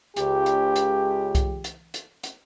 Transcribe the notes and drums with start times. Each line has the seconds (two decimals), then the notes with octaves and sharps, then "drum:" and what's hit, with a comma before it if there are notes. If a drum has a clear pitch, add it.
0.16 C#2 G4, drum: hi-hat
0.46 drum: hi-hat
0.76 drum: hi-hat
1.35 drum: kick C2, hi-hat
1.64 drum: hi-hat
1.94 drum: hi-hat
2.23 drum: hi-hat